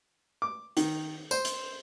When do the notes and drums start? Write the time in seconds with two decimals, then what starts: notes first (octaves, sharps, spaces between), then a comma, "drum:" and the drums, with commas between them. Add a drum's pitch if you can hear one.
0.42 D6
0.77 D#3, drum: hi-hat
1.31 C5, drum: tambourine
1.45 drum: hi-hat